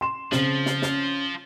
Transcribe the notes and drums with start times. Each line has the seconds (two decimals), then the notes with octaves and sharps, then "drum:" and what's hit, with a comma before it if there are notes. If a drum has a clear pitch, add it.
0.01 C6 E7
0.32 C#3 F3 C4, drum: snare
0.66 drum: snare
0.82 C#4, drum: snare